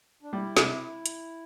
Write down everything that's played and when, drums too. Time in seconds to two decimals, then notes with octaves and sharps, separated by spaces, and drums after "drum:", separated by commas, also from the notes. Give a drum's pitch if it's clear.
0.23 D4
0.32 G3 E4
0.57 C3, drum: snare
1.06 drum: hi-hat